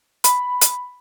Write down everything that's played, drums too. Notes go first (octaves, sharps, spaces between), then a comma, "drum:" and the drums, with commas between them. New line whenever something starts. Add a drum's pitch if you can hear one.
B5, drum: hi-hat
drum: hi-hat